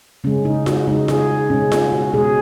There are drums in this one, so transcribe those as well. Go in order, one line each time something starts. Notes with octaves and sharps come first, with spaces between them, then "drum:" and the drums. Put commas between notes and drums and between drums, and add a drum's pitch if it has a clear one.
C#3 G#3 C#4
D#4
F#4, drum: snare F4
C#3 G#3 D#4
G#4, drum: snare F4
B2 G#3 C#4
C#4, drum: snare F4
F#4
B2 G#3 G#4